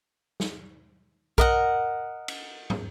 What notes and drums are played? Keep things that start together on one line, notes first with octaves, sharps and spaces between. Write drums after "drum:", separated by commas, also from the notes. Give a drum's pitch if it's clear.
drum: snare
A#4 D#5 F#5, drum: kick B1
drum: cymbal
drum: tom